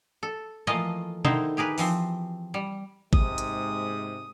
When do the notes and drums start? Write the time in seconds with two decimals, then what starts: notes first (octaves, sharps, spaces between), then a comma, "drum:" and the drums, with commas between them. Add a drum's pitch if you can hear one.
0.23 A4
0.67 E3 F3 A3 A#3 F4 D#5
1.25 D3 D#3 D#4 E4 C5, drum: tom B2
1.57 G4 G#4 A#4 B4
1.78 E3 F3 C4, drum: open hi-hat
2.54 G3
3.13 G#2 C3 G#3 D#6, drum: kick G#1
3.38 drum: hi-hat